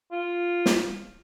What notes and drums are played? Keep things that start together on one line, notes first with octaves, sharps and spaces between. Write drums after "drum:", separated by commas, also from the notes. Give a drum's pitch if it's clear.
F4
drum: snare